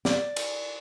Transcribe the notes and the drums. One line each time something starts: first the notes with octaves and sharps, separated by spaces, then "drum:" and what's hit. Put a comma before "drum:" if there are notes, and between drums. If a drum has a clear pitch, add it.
D5, drum: snare
drum: cymbal